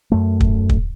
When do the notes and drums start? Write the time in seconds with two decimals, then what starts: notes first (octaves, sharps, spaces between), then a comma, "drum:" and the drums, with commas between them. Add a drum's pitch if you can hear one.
0.12 F#2 A3
0.40 drum: kick
0.69 drum: kick